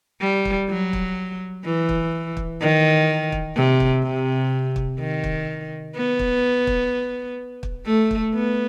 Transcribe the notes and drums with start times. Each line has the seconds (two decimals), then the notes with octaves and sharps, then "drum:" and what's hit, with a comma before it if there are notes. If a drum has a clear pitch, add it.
0.21 G3
0.45 drum: kick
0.69 F#3
0.93 drum: kick
1.65 E3
1.89 drum: kick
2.37 drum: kick
2.61 D#3
3.32 drum: kick
3.56 C3
3.80 drum: kick
4.04 C3
4.76 drum: kick
5.00 D#3
5.24 drum: kick
5.96 B3
6.19 drum: kick
6.67 drum: kick
7.63 drum: kick
7.86 A3
8.11 drum: kick
8.35 B3